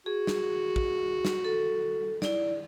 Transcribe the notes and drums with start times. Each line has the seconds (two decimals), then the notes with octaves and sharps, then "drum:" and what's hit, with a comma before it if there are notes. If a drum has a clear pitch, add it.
0.06 F#4 G#4
0.27 drum: snare
0.76 drum: kick
1.25 drum: snare
1.45 A4
2.22 E4 D5, drum: snare